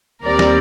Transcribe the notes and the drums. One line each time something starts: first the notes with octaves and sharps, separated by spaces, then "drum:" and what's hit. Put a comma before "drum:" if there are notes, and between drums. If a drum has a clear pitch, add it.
D#2 D#3 G3 C4 A#4 D5
drum: snare